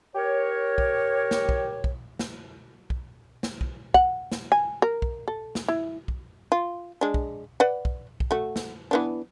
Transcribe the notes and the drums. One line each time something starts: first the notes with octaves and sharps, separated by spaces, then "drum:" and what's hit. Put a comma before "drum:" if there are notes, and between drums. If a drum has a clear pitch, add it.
G4 A#4 C#5
drum: kick
drum: snare
drum: kick
drum: kick
drum: snare
drum: kick
drum: snare
drum: kick
F#5, drum: kick
drum: snare
G#5
A#4
drum: kick
A4
drum: snare
E4
drum: kick
F4
G#3 D4
drum: kick
B4 D5 F#5
drum: kick
drum: kick
A3 F#4
drum: snare
E3 B3 D4